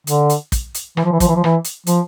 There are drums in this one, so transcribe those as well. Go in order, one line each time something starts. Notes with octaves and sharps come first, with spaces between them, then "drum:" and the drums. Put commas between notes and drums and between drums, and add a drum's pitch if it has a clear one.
D3, drum: hi-hat
drum: hi-hat
drum: kick, hi-hat
drum: hi-hat
E3, drum: rim click
F3
E3
F3, drum: kick, hi-hat
E3
F3
E3, drum: rim click
drum: hi-hat
F3, drum: hi-hat